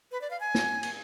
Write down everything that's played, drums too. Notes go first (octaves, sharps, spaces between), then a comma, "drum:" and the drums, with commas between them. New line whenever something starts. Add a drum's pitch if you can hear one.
B4
D5
F5
G#5
drum: snare
drum: cymbal